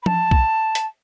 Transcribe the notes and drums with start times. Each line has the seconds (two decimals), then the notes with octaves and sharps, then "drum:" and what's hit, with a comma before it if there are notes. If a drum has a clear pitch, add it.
0.02 B5
0.06 A5, drum: tom F3
0.31 drum: kick B1
0.75 drum: hi-hat